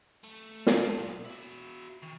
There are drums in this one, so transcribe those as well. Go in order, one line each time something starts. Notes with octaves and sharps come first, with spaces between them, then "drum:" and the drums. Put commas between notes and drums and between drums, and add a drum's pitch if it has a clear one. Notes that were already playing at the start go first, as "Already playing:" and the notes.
A3
drum: snare
F5 A5
B1
E4 F#4
D#3